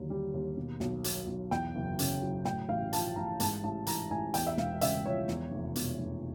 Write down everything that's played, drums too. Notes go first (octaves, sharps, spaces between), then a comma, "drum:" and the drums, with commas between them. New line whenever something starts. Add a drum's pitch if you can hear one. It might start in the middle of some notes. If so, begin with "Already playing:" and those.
Already playing: D#2 D3 F#3
G3
D#2
B2
B1, drum: snare
F#3, drum: hi-hat
B1
E2 G5, drum: snare
F#1
C#3, drum: hi-hat
F#3
A2 G5, drum: snare
A1 F5
F3 A5, drum: hi-hat
A1 A#5
G#2 A5, drum: hi-hat
A1 A5
E3 A#5, drum: hi-hat
A1 G#5
E2 G5, drum: hi-hat
E5
E1 F5, drum: snare
C#3 E5, drum: hi-hat
F3 C#5
E2, drum: snare
F1
B2, drum: hi-hat
F1